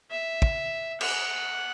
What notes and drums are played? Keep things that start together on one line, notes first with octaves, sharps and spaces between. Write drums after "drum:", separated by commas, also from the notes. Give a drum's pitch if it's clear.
E5
drum: kick
F#5, drum: cymbal